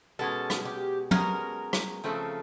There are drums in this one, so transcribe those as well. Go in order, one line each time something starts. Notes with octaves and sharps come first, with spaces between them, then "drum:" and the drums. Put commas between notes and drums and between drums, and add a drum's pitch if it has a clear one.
B2 G#3 C#4 A4
drum: rim click
G4
B2 G#3 C#4 A#4, drum: tom
drum: rim click
C#3 F3 A3 C4